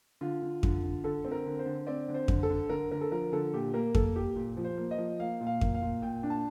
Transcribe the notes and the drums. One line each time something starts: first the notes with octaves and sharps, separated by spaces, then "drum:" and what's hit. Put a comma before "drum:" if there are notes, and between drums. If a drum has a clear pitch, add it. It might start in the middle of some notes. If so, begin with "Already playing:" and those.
D3 F4
D3
D3, drum: kick F2
D3
D3 A4
C4
A#4
D3
C5
D3
C4 D5
D3
C5
D3, drum: kick F2
A4
D3
D3 A#4
D3 A#4
A4
F3 A#4
D3 A4
A#2 G4
A#3 A#4
A#3 A4, drum: kick F2
A#3 G4
A#2
F3
C5
A#3
D#5
F3
A#3 F5
A#2
F5
A#3, drum: kick F2
F5
A#2
A#2 G5
D4
A5